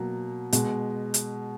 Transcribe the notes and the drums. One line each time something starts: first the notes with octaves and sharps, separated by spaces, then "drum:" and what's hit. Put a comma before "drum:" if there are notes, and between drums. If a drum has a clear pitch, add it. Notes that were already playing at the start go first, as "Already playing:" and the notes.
Already playing: B2 F#3 A#3
B2 G#3, drum: hi-hat
drum: hi-hat